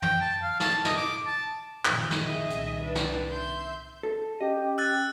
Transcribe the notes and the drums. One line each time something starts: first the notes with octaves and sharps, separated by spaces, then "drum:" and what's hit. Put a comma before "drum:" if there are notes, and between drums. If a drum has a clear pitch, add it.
G5, drum: tom
A5
F5
A5, drum: snare
D#5, drum: snare
D6
A5
F#1 A#2 D#3 F3, drum: clap
drum: snare
G#4 D#5 E5
C2 A#2 D#3, drum: hi-hat
D4 B4
drum: snare
E5 C6 G6
A4
C#4 G4 D#5
E6 F#6 A6